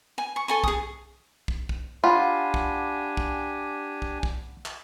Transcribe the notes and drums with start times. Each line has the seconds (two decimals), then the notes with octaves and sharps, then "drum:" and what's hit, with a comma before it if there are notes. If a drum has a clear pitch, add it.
0.18 G#5
0.36 C#6
0.48 A4 G#5 C#6
0.64 G#4 D#6, drum: kick
1.48 drum: kick
1.69 drum: kick
2.04 D4 F4 G4 F#5 G#5 B5
2.54 drum: kick
3.17 drum: kick
4.02 drum: kick
4.23 drum: kick
4.65 drum: clap